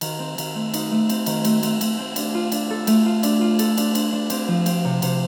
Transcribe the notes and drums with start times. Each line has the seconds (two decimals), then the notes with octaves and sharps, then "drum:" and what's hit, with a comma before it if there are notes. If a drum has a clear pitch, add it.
0.01 D#3, drum: cymbal
0.19 C4
0.38 D#3, drum: cymbal
0.55 A3
0.74 D#4, drum: cymbal
0.92 A3
1.09 C4, drum: cymbal
1.26 D#3, drum: cymbal
1.45 A3, drum: cymbal
1.63 A3, drum: cymbal
1.81 A3, drum: cymbal
1.98 C4
2.16 D4, drum: cymbal
2.34 F4
2.52 D4, drum: cymbal
2.70 A4
2.87 A3, drum: cymbal
3.06 F4
3.23 D4, drum: cymbal
3.41 F4
3.59 A4, drum: cymbal
3.77 D4, drum: cymbal
3.95 D4, drum: cymbal
4.13 D4
4.30 C4, drum: cymbal
4.48 F3
4.66 C4, drum: cymbal
4.85 C3
5.02 C3, drum: cymbal